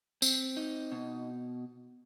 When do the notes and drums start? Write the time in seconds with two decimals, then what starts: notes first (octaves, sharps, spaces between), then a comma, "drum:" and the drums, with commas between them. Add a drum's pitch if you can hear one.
0.22 C4, drum: tambourine
0.57 D#4
0.92 B2